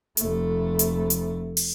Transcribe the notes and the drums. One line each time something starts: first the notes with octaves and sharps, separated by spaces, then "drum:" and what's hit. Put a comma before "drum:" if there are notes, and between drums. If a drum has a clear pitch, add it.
F1 A3, drum: hi-hat
drum: hi-hat
drum: hi-hat
drum: open hi-hat